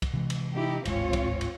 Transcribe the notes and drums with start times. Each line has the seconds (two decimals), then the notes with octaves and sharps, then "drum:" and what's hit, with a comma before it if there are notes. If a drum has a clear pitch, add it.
0.02 drum: kick, cymbal
0.13 C3 E3 G#3
0.30 drum: cymbal
0.53 D#4 E4 G4
0.85 D1 G#1 G#3 C4 F4 C#5, drum: cymbal
1.13 drum: kick, cymbal
1.41 drum: cymbal